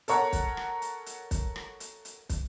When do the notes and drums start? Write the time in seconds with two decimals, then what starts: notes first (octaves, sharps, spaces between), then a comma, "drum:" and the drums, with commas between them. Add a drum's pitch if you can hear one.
0.08 A4 A#4 C#5 F#5, drum: hi-hat
0.33 drum: kick, hi-hat
0.57 drum: rim click
0.82 drum: hi-hat
1.06 drum: hi-hat
1.31 drum: kick, hi-hat
1.56 drum: rim click
1.80 drum: hi-hat
2.05 drum: hi-hat
2.29 drum: kick, hi-hat